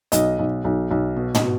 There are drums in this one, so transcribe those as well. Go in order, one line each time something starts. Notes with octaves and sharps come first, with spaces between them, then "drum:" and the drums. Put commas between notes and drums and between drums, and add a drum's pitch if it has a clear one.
B1 D#5, drum: hi-hat
B1
B1
B1
B2
D#5, drum: tom
B2